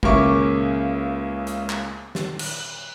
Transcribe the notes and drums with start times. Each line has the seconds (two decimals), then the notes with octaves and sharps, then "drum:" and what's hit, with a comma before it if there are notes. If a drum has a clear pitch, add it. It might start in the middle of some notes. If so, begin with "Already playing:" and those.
0.03 C#2 C#3 A#3 E4 C#6 D6, drum: kick
1.47 drum: hi-hat
1.70 drum: clap
2.15 drum: snare
2.39 drum: cymbal